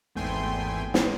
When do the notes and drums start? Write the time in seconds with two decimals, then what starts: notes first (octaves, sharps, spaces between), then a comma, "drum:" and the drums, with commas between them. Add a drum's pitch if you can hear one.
0.15 G#1 E2 A3 G5 G#5 C6
0.94 drum: snare